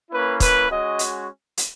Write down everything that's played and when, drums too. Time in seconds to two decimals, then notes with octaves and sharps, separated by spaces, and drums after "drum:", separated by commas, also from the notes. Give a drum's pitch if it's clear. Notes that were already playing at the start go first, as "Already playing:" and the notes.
0.11 A#3 C#4 E4 B4
0.40 B4, drum: kick, hi-hat
0.69 G#3 C#4 F#4 D#5
0.99 drum: hi-hat
1.57 drum: hi-hat